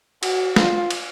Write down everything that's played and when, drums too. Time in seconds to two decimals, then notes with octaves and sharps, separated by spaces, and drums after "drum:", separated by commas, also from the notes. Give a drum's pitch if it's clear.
0.23 F#4, drum: cymbal
0.56 F4, drum: snare
0.90 drum: cymbal